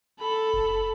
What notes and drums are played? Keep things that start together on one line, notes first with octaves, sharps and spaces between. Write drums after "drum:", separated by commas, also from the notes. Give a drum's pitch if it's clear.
A4 B5
drum: kick F#1